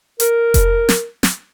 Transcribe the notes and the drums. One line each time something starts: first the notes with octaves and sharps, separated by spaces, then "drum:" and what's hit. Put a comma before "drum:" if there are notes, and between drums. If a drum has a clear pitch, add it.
A#4, drum: hi-hat
drum: kick F1, hi-hat
drum: snare
drum: snare